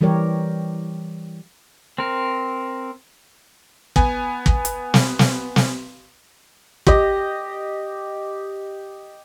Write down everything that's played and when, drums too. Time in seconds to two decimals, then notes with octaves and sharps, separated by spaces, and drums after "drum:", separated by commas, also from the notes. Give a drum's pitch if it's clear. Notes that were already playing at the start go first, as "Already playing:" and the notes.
0.01 E3 G3 G4 A#4 C#5
1.98 C4 A#4
3.96 B3 G#5, drum: kick
4.46 drum: kick
4.65 drum: hi-hat
4.94 drum: snare
5.19 drum: snare
5.56 drum: snare
6.87 G4 D#5, drum: kick